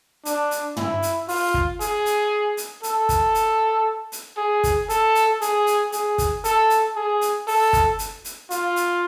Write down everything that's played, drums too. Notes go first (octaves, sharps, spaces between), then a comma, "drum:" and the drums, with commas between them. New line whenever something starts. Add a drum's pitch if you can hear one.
D4, drum: hi-hat
drum: hi-hat
E4, drum: tom
drum: hi-hat
F4, drum: open hi-hat
drum: kick
G#4, drum: hi-hat
drum: hi-hat
drum: hi-hat
A4, drum: hi-hat
drum: kick, hi-hat
drum: hi-hat
drum: hi-hat
G#4
drum: kick, hi-hat
A4, drum: hi-hat
drum: hi-hat
G#4, drum: hi-hat
drum: hi-hat
G#4, drum: hi-hat
drum: kick, hi-hat
A4, drum: hi-hat
drum: hi-hat
G#4
drum: hi-hat
A4, drum: open hi-hat
drum: kick, hi-hat
drum: hi-hat
drum: hi-hat
F4, drum: hi-hat
drum: hi-hat